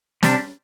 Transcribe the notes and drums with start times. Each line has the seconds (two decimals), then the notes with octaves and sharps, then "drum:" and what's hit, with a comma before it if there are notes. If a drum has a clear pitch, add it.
0.23 C3 G3 D4, drum: snare